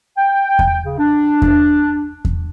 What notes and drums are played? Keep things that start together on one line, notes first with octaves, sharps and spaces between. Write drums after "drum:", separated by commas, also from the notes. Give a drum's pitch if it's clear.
G5
drum: kick E2
C#3
D4
drum: kick E2
drum: kick E2